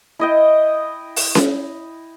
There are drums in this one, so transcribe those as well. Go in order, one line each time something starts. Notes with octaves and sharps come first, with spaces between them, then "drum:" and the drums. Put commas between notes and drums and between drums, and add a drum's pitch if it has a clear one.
E4 D#5 G5
drum: open hi-hat
drum: snare C#4